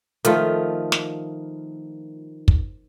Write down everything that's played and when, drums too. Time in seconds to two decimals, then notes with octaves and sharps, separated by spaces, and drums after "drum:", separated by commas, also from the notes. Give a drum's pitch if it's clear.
0.25 D#3 F3 A3 F4, drum: hi-hat
0.92 drum: snare
2.48 drum: kick